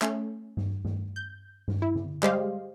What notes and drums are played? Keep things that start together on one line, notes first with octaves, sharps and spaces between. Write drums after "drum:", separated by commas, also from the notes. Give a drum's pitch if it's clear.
A3 C#4, drum: clap
drum: tom G2
drum: tom G2
G6
drum: tom G2
E4
drum: tom
G3 G#3 G4 C5 D#5 F5, drum: clap